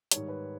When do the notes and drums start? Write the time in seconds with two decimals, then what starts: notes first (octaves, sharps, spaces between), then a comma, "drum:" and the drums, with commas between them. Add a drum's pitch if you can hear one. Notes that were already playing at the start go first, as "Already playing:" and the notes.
0.11 G#2 D#3 G3 C#5, drum: hi-hat
0.28 B4